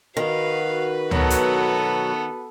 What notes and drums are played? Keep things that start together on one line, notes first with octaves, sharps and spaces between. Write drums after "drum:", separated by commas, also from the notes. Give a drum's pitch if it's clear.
D#3 F#4 B4 F5
B2 F#3 B3 A4, drum: tom
drum: hi-hat